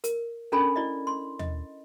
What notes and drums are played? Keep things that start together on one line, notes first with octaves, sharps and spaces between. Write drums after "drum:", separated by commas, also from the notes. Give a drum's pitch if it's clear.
A#4, drum: hi-hat
C#4 D4 A4 A#4 G#5 B5
E4 D5 D#5
C6
D#5, drum: tom D#2